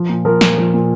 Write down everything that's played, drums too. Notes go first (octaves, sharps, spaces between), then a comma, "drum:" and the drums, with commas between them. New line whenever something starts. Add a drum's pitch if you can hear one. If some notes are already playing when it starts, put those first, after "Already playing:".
Already playing: F3
A#2
F3 A#4
A#2, drum: snare
F3
A#2